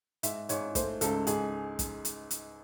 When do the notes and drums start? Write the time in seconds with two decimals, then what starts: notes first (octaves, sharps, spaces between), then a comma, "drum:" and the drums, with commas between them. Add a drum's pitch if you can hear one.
0.23 G#2 E5, drum: hi-hat
0.49 G#2 C#5, drum: hi-hat
0.75 A3 C5, drum: kick, hi-hat
1.01 C#2 A4, drum: hi-hat
1.27 G#2 G#4, drum: hi-hat
1.79 drum: kick, hi-hat
2.05 drum: hi-hat
2.31 drum: hi-hat